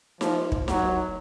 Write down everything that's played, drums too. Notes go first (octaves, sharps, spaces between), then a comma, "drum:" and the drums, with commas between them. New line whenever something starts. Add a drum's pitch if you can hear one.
F3, drum: snare D#4
drum: kick
F#3, drum: snare D#4